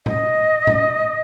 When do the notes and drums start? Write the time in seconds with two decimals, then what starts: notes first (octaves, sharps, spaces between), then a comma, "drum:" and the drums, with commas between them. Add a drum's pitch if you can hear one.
0.06 D#5, drum: tom A2
0.67 drum: tom A2